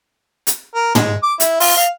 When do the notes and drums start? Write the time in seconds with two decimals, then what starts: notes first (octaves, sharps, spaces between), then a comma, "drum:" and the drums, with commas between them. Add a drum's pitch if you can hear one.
0.47 drum: hi-hat
0.75 A#4
0.95 G#3, drum: tom
1.23 D6
1.40 E4, drum: hi-hat
1.60 F4, drum: open hi-hat
1.77 F5